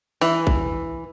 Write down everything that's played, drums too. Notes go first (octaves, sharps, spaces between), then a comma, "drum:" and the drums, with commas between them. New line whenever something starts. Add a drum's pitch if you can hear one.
E3, drum: open hi-hat
drum: kick